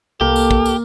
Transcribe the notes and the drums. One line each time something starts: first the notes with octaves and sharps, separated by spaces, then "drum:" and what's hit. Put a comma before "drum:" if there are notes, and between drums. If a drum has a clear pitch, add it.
C2 A#3 G4 A4
drum: tambourine
drum: kick
drum: tambourine